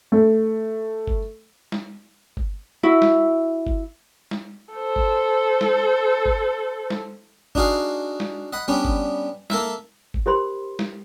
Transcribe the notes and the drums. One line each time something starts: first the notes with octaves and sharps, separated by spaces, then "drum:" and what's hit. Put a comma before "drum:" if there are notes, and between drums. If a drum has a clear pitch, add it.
A3
drum: kick G1
drum: snare
drum: kick G1
E4 F#4 E5
drum: snare
drum: kick G1
drum: snare
A4 C5
drum: kick G1
drum: snare
drum: kick G1
drum: snare
D4 D#4 F#4 G#4 F5, drum: kick G1
drum: snare
D#5 F#5 B5
G3 B3 C#4 D4
drum: kick G1
A#3 A4 A#4 E5, drum: snare
drum: kick G1
G4 A#4 C5 B5 C6
drum: snare